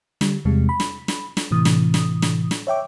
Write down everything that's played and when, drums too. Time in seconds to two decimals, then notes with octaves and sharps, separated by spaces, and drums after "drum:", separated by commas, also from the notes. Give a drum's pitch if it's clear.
0.21 D3 G3, drum: snare
0.45 E2 C3 G3 G#3
0.69 B5
0.80 drum: snare
1.08 drum: snare
1.37 drum: snare
1.51 A2 C3 E3 D#6
1.65 drum: snare
1.94 drum: snare
2.22 drum: snare
2.51 drum: snare
2.67 C#5 E5 G5 D6